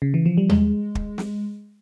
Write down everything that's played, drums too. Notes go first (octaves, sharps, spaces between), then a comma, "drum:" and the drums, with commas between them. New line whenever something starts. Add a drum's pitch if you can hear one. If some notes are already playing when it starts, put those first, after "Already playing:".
C#3
E3
F3
G3
G#3, drum: tom D#2
drum: kick
drum: snare